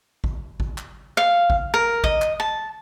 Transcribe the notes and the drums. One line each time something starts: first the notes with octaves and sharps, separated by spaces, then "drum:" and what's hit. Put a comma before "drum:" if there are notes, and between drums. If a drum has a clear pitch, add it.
drum: kick
drum: kick
drum: clap
F5
drum: kick
A#4
D#5, drum: kick
drum: clap
A5